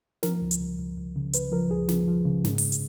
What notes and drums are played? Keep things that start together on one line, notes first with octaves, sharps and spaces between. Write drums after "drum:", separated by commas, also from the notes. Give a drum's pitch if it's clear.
F3 A#4, drum: snare
C#2
drum: hi-hat
C#2
C#2
C#2
C#3
C#2 B4, drum: hi-hat
F3 A#4
C#2 G#4
F3, drum: snare
F3
C#3
G#2, drum: snare
drum: open hi-hat
drum: hi-hat